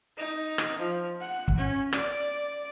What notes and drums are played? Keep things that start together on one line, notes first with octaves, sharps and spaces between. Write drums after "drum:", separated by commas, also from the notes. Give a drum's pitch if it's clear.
D#4
drum: rim click
F3
F#5
drum: kick
C#4
D5, drum: rim click